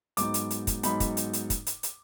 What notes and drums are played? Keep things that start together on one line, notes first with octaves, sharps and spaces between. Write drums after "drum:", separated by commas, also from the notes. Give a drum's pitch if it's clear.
G#2 F#3 B3 D#4 D6, drum: hi-hat
drum: hi-hat
drum: hi-hat
drum: kick, hi-hat
G#2 F#3 B3 D#4 B5, drum: hi-hat
drum: kick, hi-hat
drum: hi-hat
drum: hi-hat
drum: kick, hi-hat
drum: hi-hat
drum: hi-hat